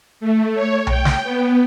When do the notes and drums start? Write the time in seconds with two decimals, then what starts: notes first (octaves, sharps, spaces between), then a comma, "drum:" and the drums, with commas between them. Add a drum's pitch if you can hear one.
0.20 A3
0.54 C#5
0.87 G5, drum: tom B1
1.05 drum: snare
1.23 B3